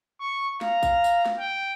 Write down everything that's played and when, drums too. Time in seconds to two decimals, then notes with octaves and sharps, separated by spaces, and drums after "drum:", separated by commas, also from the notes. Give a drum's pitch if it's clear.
0.20 C#6
0.61 F5 A#5, drum: snare
0.83 drum: kick, tambourine
1.04 drum: tambourine
1.26 drum: snare
1.40 G5